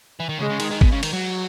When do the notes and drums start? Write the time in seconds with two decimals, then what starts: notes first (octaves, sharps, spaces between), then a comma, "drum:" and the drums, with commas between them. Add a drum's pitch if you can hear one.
0.20 E3
0.29 D#3
0.39 C#3 G#3
0.50 C#3
0.60 D#3, drum: cymbal
0.71 D#3
0.81 B2, drum: kick
0.92 C#3
1.03 D#3, drum: cymbal
1.13 F#3